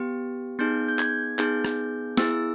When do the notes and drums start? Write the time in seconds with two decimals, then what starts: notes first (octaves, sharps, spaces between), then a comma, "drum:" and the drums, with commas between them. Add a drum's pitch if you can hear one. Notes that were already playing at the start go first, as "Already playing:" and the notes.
Already playing: B3 G4
0.59 B3 D#4 G#4 G6
0.88 G6
0.99 G#6, drum: clap
1.39 B3 D#4 G#4 G6, drum: clap
1.65 drum: rim click
2.17 B3 E4 G#4 E6, drum: snare